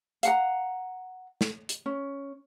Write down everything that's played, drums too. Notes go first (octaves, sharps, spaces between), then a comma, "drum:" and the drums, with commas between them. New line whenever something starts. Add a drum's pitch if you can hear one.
F5 F#5 A#5, drum: hi-hat
drum: snare
drum: hi-hat
C#4